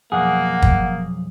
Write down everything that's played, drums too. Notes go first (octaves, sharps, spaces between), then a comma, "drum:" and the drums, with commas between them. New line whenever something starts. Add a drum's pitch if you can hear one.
B1 F2 A#3 G#4 F#5
drum: kick